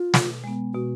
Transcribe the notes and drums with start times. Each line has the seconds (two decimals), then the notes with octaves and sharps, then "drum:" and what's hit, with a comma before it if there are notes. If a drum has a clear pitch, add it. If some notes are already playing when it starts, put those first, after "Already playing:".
Already playing: F4
0.14 B2, drum: snare
0.44 G#3 B3
0.74 B2 F#4